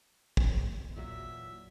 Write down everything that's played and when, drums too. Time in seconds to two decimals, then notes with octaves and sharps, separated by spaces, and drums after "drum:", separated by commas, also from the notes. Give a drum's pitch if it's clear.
0.37 drum: kick
0.96 E2 A#2 F#3 E5